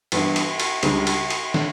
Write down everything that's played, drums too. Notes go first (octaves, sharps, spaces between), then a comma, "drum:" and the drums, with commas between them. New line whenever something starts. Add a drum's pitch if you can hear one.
G2 E3 B3 D4, drum: cymbal
drum: cymbal
drum: cymbal
C#2 C#3 G3 D4, drum: cymbal
drum: cymbal
drum: cymbal
D3 A3, drum: snare